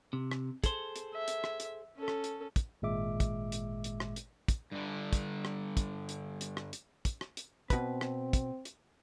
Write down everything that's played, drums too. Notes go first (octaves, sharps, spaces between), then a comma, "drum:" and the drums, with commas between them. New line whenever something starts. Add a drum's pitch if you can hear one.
C3
drum: rim click
G#4 A4 C5, drum: kick, hi-hat
drum: hi-hat
E5
drum: hi-hat
drum: rim click
drum: hi-hat
C#4 A4
drum: rim click
drum: hi-hat
drum: kick, hi-hat
G#1 A#2 G#3 E5 D6
drum: kick, hi-hat
drum: hi-hat
drum: hi-hat
drum: rim click
drum: hi-hat
drum: kick, hi-hat
G2 D3
drum: kick, hi-hat
drum: rim click
drum: kick, hi-hat
drum: hi-hat
drum: hi-hat
drum: rim click
drum: hi-hat
drum: kick, hi-hat
drum: rim click
drum: hi-hat
B2 C4 B4, drum: kick, hi-hat
drum: rim click
drum: kick, hi-hat
drum: hi-hat